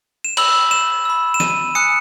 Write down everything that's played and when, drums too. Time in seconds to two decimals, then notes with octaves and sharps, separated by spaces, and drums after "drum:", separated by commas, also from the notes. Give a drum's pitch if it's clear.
0.25 E7
0.37 B5 E6 F#7, drum: cymbal
0.71 E7
1.05 B5 E6
1.34 E7
1.40 D#7, drum: snare
1.75 G#5 D#6 F#6 C#7